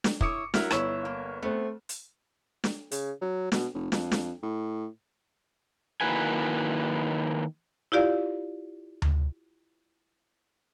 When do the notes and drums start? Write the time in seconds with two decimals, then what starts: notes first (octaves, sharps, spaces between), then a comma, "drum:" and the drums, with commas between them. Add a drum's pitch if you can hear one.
0.04 drum: snare
0.21 E4 C#5 D6 D#6 C#7, drum: kick
0.54 F#3 E4 A#4 F6, drum: snare
0.71 G1 E4 C#5 E7, drum: rim click
1.05 A#3
1.43 A3 B3 C4
1.89 drum: hi-hat
2.64 drum: snare
2.91 C#3, drum: hi-hat
3.21 F#3
3.52 B2, drum: snare
3.74 F1
3.92 F2, drum: snare
4.12 drum: snare
4.43 A2
6.01 D#3 A#3 E4 F#4 B4 G#5
7.92 E4 F4 G4 D5 F5
9.02 drum: tom D2